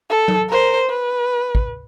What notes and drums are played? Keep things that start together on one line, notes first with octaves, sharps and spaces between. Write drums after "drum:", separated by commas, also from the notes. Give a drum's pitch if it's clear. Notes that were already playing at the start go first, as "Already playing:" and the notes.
A4
drum: tom F#3
A#4 C5
B4
drum: kick